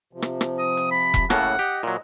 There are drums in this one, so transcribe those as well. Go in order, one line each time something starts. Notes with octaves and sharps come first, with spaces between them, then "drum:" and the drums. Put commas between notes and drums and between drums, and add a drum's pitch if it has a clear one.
C3 F3
drum: rim click
drum: rim click
D#6
drum: hi-hat
B5
drum: kick E1, hi-hat
A2 C#3 A#3 A4 F#5 A5, drum: rim click
G4 D#5
A#2 F#3